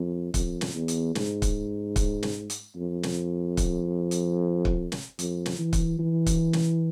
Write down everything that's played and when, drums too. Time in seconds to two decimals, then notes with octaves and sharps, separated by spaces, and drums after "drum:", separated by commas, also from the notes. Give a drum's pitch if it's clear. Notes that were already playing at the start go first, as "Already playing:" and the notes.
Already playing: F2
0.34 F2, drum: kick, hi-hat
0.61 drum: snare
0.75 E2
0.88 drum: hi-hat
1.15 G#2, drum: snare
1.42 drum: kick, hi-hat
1.96 drum: kick, hi-hat
2.23 drum: snare
2.50 drum: hi-hat
2.76 F2
3.03 drum: snare
3.57 drum: kick, hi-hat
4.11 drum: hi-hat
4.65 drum: kick
4.92 drum: snare
5.19 F2, drum: hi-hat
5.46 drum: snare
5.59 E3
5.73 drum: kick, hi-hat
5.99 E3
6.26 drum: kick, hi-hat
6.53 drum: snare